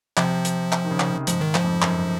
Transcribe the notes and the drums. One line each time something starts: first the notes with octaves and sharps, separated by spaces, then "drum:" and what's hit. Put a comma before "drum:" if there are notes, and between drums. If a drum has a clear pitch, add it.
C3 F3, drum: clap
drum: hi-hat
drum: clap
D#3
C#3
drum: clap
C3
G#2 F3, drum: hi-hat
D#3
F3, drum: clap
F2
F#2, drum: clap